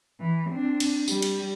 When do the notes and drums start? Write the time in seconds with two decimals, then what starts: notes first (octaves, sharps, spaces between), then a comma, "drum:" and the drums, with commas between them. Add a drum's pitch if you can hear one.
0.20 E3
0.50 C4 D4
0.80 drum: cymbal
1.08 G3, drum: tambourine
1.22 drum: cymbal